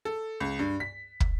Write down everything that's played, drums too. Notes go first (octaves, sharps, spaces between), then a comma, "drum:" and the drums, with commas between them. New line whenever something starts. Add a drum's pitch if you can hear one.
A4
C#2
G2
B6
drum: kick